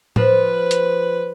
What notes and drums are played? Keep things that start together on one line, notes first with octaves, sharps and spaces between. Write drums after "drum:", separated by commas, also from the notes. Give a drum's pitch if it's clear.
F3 B4, drum: tom A2
drum: hi-hat